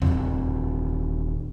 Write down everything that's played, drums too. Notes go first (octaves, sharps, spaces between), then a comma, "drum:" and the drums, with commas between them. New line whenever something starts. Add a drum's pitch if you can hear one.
D#1 G#1 C4, drum: tom E2